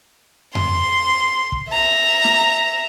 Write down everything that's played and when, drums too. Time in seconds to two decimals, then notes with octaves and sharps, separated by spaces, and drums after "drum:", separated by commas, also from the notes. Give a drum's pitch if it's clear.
0.55 C6, drum: tom F2
1.52 drum: kick
1.71 E5 A#5
2.24 drum: snare